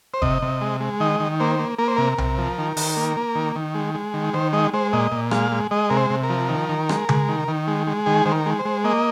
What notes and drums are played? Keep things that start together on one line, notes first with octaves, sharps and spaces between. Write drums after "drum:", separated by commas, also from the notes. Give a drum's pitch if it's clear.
C5
C3 D#5, drum: kick F#1
C3
G#3
G#3
D#3 D#5
D#3
A#3 C5
A#3
A#3 A#4
C5
C3 A#4
C3, drum: tom B1
F3
D#3
D#3, drum: open hi-hat
A#3
A#3
D#3
D#3
G#3
G#3
D#3
D#3 C5
G#3 D#5
G#3 C5
A#2 D#5
A#2
G#3 F5, drum: rim click
G#3
G#3 D#5
C3 A#4
C5
C3
A#4
F3
D#3
D#3
G#3, drum: rim click
G#3, drum: tom C#3
D#3
D#3
G#3
G#3
D#3 G#4
D#3 C5
A#4
G#3
C5
G#3
A#3 D#5